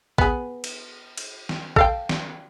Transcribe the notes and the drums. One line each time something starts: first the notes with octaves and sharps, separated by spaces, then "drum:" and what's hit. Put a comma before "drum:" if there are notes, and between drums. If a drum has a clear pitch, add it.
B3 G#4, drum: kick
drum: cymbal
drum: cymbal
drum: snare
A4 F5 G5, drum: kick
drum: snare